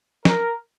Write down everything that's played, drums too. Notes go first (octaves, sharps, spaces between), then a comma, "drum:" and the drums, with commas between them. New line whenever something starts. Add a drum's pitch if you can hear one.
A#4, drum: snare